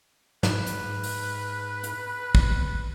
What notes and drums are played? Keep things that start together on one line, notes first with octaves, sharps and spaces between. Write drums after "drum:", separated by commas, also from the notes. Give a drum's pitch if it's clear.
G#2 B4, drum: snare
drum: hi-hat
drum: open hi-hat
drum: hi-hat
drum: kick